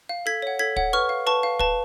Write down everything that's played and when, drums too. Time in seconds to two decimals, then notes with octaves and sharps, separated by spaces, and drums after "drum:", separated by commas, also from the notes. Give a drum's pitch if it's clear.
0.09 F5
0.26 A4 G#6 B6
0.42 C#5 F#5
0.59 A4 G#6 B6
0.76 C#5 F#5, drum: kick
0.93 B4 C#6 F6
1.09 F5
1.27 B4 A5 C#6
1.43 F5
1.59 B4 A5, drum: kick